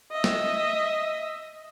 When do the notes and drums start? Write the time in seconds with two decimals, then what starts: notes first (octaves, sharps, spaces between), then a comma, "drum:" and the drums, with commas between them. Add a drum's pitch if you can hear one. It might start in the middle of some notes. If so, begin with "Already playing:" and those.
0.11 D#5 E5
0.24 drum: snare A3